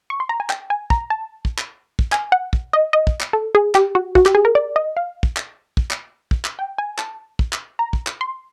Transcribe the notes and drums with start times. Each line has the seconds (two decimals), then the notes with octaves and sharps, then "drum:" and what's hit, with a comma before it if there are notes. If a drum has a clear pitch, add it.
0.10 C#6
0.20 C6
0.29 A#5
0.40 G#5
0.50 G5, drum: clap
0.70 G#5
0.90 A#5, drum: kick
1.10 A5
1.45 drum: kick
1.58 drum: clap
1.99 drum: kick
2.12 G#5, drum: clap
2.32 F#5
2.53 drum: kick
2.73 D#5
2.93 D#5
3.07 drum: kick
3.20 drum: clap
3.33 A4
3.55 G#4
3.75 G4, drum: clap
3.95 F#4
4.15 F#4, drum: kick
4.26 G4, drum: clap
4.35 G#4
4.45 A#4
4.55 D5
4.76 D#5
4.97 F5
5.23 drum: kick
5.37 drum: clap
5.77 drum: kick
5.91 drum: clap
6.31 drum: kick
6.45 drum: clap
6.59 G5
6.78 G#5
6.98 A5, drum: clap
7.39 drum: kick
7.53 drum: clap
7.79 A#5
7.93 drum: kick
8.07 drum: clap
8.21 C6